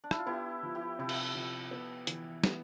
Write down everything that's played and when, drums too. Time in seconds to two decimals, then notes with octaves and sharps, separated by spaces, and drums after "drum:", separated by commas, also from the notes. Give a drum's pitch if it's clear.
0.04 D4
0.11 E4, drum: rim click
0.19 F4
0.26 B3 E4 G4
0.63 F3
0.75 E4 G4
0.99 C3 E4
1.09 drum: cymbal
1.35 F3
1.71 B3
2.07 E3, drum: hi-hat
2.44 B3, drum: snare